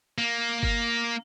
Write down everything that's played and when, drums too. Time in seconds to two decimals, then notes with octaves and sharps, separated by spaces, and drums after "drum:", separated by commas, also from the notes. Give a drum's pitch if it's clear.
0.18 A#3
0.63 drum: kick G1